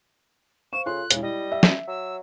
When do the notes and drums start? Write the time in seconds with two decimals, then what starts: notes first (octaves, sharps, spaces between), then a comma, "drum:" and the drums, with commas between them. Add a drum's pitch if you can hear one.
0.73 C5 F5 C#6 E7
0.86 C#3 F4 A4 C6 F#6
1.11 E1 C#3 E4, drum: hi-hat
1.22 G3 E4 D#5
1.52 E5
1.63 drum: snare
1.88 F#3 E6